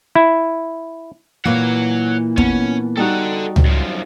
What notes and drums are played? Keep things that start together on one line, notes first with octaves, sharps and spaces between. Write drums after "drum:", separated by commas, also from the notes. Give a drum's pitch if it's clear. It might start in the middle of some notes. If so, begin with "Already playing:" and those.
E4
A#2 E3 A#3 C#5 F#5
B3 C#4 A5 B5, drum: kick
G3 D#4 F#4 A4 F#5
drum: tom C#2
F#2 F3